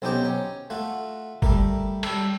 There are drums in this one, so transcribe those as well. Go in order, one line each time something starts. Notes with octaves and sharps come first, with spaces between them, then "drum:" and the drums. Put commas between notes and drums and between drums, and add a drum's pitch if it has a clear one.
B1 C4 C#4 D#4 G4 G5
C#4
A3 F4 F#4
G3 A3 A#4, drum: kick G1
G3 A4, drum: cymbal